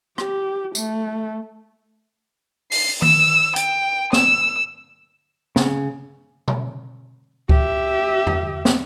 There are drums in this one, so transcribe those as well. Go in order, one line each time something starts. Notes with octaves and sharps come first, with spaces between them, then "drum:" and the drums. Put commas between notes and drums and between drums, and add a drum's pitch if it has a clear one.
G4, drum: rim click
A3, drum: tambourine
C7, drum: open hi-hat
E6, drum: tom D#3
G5, drum: hi-hat
E6, drum: snare
C#3, drum: snare
drum: tom B2
G4 E5, drum: kick C#2
drum: tom E2
drum: snare